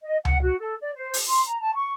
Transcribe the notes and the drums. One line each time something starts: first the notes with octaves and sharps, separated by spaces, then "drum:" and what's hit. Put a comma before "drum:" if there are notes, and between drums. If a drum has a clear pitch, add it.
D#5
F#5, drum: tom C#2
F#4
A4
D5
C5
drum: open hi-hat
C6
A#5
A5
C#6